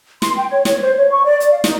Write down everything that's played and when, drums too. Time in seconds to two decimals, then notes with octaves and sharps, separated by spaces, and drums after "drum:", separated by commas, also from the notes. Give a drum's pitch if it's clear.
0.22 C6, drum: snare
0.37 G5
0.50 C#5
0.65 C#5, drum: snare
0.82 C5
0.97 C#5
1.11 C#6
1.25 D5
1.40 D5, drum: hi-hat
1.52 F5
1.64 D#4, drum: snare